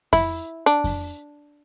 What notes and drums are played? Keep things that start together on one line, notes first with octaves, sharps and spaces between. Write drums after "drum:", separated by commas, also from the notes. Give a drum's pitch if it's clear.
E4, drum: kick F2, open hi-hat
D4
drum: kick F2, open hi-hat